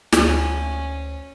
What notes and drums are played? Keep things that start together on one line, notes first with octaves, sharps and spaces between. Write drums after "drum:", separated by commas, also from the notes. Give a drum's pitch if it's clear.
D2 C#4, drum: snare